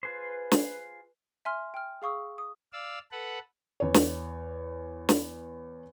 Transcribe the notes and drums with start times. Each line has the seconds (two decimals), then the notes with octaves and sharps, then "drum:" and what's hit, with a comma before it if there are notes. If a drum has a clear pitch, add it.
0.03 F4 G#4 B4 C5
0.52 drum: snare
1.45 E5 G#5 C6 F6
1.74 G5 F6
2.02 G#4 F5 C#6 D#6 E6
2.38 D#6
2.73 D5 F5 E6
3.11 A4 B4 F#5
3.80 E2 C#5
3.94 drum: snare
5.09 drum: snare